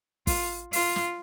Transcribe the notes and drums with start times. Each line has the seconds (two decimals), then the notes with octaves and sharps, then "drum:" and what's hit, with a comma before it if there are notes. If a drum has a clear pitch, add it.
0.27 F4, drum: kick, open hi-hat
0.73 F4, drum: open hi-hat
0.96 drum: snare